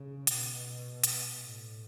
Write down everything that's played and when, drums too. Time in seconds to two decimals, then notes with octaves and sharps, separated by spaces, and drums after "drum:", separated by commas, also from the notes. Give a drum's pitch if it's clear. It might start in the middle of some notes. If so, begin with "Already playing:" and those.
Already playing: C#3
0.27 B2, drum: hi-hat
1.04 drum: hi-hat
1.42 A2